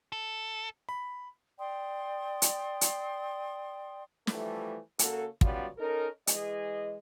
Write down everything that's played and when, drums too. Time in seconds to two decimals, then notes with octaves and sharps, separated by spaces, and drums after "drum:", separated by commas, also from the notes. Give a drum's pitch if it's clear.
0.12 A4
0.89 B5
1.59 D5 G5 C6 D#6
2.42 drum: hi-hat
2.81 drum: hi-hat
4.27 E3 F3 G3 A3, drum: snare
4.99 C#3 A#3 F#4 A4, drum: hi-hat
5.41 F#3 G3 B3 C#4 F4 D5, drum: kick
5.77 C#4 D#4 A4 A#4
6.27 E3 G#3 G#4 D#5, drum: hi-hat